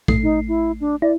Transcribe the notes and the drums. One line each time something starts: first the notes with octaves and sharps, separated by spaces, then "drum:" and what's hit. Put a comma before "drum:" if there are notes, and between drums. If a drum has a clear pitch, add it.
A1 A3 C7, drum: kick
D#4
E4
D4
E4 D5